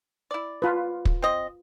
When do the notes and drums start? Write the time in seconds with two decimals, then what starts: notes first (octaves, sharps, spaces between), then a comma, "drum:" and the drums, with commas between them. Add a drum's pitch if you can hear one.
0.31 E4 D5
0.62 F4 B4
1.05 drum: kick
1.22 C4 D#5